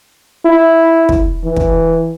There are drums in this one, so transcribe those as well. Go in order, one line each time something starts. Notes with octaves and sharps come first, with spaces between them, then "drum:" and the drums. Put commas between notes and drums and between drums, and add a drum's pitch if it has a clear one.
E4
drum: kick
E3
drum: kick